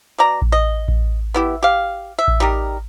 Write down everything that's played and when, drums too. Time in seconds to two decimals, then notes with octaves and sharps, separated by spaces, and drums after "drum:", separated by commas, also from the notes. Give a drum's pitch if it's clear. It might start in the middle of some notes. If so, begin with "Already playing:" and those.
0.18 B2 D5 A#5
0.42 drum: kick A1
0.52 D#5
0.88 drum: kick A1
1.34 B3 E4 G4
1.63 G4 F5
2.19 E5
2.28 drum: kick A1
2.40 G3 D#4 G4 A#4